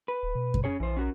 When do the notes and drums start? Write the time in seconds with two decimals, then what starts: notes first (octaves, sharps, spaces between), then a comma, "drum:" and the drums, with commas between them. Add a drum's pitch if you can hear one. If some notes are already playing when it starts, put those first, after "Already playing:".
0.08 B4
0.23 D1
0.35 B2
0.54 drum: kick F#2
0.64 C#4 G#4 C#5
0.80 A#1 E3 C5
0.97 C#4 F#4 A#4